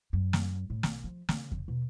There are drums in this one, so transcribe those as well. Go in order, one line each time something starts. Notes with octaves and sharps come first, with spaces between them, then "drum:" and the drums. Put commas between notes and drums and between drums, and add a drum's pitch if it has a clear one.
F#2
drum: snare
A2
B1, drum: snare
F3
C#3, drum: snare
drum: kick E2
B2